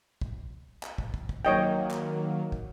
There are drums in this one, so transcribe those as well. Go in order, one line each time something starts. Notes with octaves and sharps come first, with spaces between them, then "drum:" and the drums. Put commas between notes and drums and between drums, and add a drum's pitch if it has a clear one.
drum: kick
drum: clap
drum: kick
drum: kick
drum: kick
D#3 F#3 A#3 C#5 D#5 G5
drum: clap
drum: kick